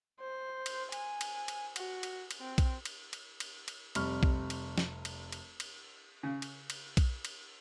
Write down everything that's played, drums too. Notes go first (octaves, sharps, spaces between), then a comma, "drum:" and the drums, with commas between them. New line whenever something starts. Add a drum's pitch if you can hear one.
C5
drum: cymbal
G#5, drum: cymbal
drum: cymbal
drum: cymbal
F#4, drum: cymbal
drum: cymbal
drum: cymbal
C4
drum: kick B1, cymbal
drum: cymbal
drum: cymbal
drum: cymbal
drum: cymbal
F1 C3 G3 B5 C#6 F6, drum: cymbal
drum: kick B1
drum: cymbal
drum: snare
drum: cymbal
drum: cymbal
drum: cymbal
C#3
drum: cymbal
drum: cymbal
drum: kick B1, cymbal
drum: cymbal